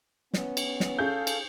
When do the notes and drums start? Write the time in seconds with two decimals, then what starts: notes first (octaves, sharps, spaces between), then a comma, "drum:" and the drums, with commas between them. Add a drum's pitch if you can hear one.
0.34 B3 C#4, drum: snare
0.57 drum: cymbal
0.80 drum: snare
0.99 C#4 G#4 A4 F5 G6
1.27 drum: cymbal